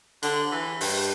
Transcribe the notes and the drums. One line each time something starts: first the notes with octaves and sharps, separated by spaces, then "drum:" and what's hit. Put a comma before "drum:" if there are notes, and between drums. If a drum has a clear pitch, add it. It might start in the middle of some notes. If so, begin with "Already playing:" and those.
D3, drum: cymbal
E3
G2, drum: open hi-hat